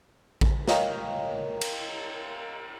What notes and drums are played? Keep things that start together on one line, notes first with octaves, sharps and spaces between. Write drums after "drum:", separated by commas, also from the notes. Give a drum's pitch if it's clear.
drum: kick A1
A#4 C#5 D#5 F5 G5 A#5, drum: snare
drum: cymbal